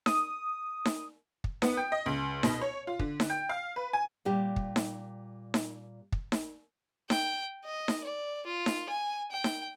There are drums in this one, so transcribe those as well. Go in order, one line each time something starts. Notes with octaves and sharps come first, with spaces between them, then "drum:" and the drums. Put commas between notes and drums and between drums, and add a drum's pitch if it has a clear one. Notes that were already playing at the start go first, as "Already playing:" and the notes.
D#6, drum: snare D#4
drum: snare D#4
drum: kick
B3, drum: snare D#4
G5
D#5
C#2
B2, drum: snare D#4
C#5
F4
D3, drum: kick
drum: snare D#4
G5
F5
B4
G#5
A#2 G3 G4
drum: kick
drum: snare D#4
drum: snare D#4
drum: kick
drum: snare D#4
G5, drum: snare D#4
D#5
drum: snare D#4
D5
F4
drum: snare D#4
G#5
G5
drum: snare D#4